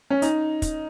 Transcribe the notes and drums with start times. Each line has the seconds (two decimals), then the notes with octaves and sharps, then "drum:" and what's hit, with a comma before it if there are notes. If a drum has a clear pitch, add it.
0.10 C#4
0.22 D#4, drum: hi-hat
0.62 drum: kick, hi-hat